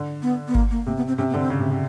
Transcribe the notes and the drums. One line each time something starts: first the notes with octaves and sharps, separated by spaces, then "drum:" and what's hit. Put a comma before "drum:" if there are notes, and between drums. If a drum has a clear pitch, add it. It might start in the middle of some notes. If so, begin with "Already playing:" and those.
Already playing: D3
B3
B3
A#3, drum: kick G1
A#3
C3 A#3
B3
C4
C3 C#4
B3
D3 C4
C#3
C3
C3